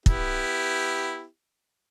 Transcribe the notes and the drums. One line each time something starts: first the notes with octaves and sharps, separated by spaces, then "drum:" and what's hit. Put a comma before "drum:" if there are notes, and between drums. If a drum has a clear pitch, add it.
B3 E4 G4, drum: kick